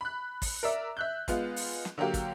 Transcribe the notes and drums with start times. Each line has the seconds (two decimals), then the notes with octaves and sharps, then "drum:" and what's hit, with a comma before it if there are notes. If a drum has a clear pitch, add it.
0.01 B5 F#6
0.42 drum: kick, open hi-hat
0.63 A#4 D5 E5 E6
0.97 E5 F#6 G6
1.28 G#3 B3 F4, drum: kick, hi-hat
1.56 drum: open hi-hat
1.85 drum: snare
1.98 D3 F#3 A#3 G4 F5
2.14 drum: kick, hi-hat